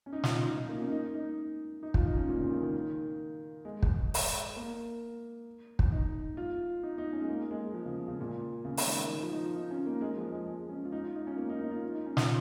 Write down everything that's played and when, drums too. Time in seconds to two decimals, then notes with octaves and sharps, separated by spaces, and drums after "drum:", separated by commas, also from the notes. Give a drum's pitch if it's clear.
0.06 C#4
0.13 D#4
0.24 F4, drum: snare
0.34 D#4
0.46 F4
0.57 D#4
0.69 A#3
0.80 C#4
0.92 D#4
1.14 D#4
1.83 D#4
1.94 F4, drum: kick
2.06 D#4
2.17 C#4
2.28 A#2
2.40 C#3
2.51 D#3
2.62 D#3
3.65 G#3
3.83 drum: kick
4.14 drum: open hi-hat
4.56 A#3
5.79 drum: kick
5.92 D#4
6.37 F4
6.83 D#4
6.98 D#4
7.13 C#4
7.21 G#3
7.28 A#3
7.51 G#3
7.74 F3
7.86 C#3
8.08 C#3
8.20 A#2
8.65 C#3
8.77 drum: open hi-hat
8.87 D#3
9.11 D#3
9.22 F3
9.32 D#4
9.44 F4
9.56 D#4
9.71 C#4
9.86 A#3
10.01 G#3
10.17 F3
10.31 G#3
10.46 G#3
10.69 C#4
10.85 F4
10.92 D#4
11.04 F4
11.15 D#4
11.27 C#4
11.37 A#3
11.49 D#4
11.61 D#4
11.71 F4
11.95 D#4
12.06 C#4
12.17 F4, drum: snare